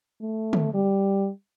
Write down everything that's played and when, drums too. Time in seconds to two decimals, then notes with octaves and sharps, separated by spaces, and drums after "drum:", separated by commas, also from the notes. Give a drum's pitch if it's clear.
0.22 A3
0.53 drum: tom D3
0.74 G3